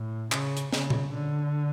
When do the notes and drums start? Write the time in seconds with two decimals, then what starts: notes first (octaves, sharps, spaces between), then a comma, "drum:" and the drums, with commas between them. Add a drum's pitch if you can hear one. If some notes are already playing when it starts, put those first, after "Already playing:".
Already playing: A2
0.32 C#3, drum: clap
0.57 drum: hi-hat
0.73 C#3, drum: snare
0.90 drum: tom A#2
1.13 D3